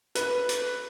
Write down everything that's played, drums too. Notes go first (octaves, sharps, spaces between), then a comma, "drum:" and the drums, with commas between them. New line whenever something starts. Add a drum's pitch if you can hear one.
B4, drum: hi-hat
drum: hi-hat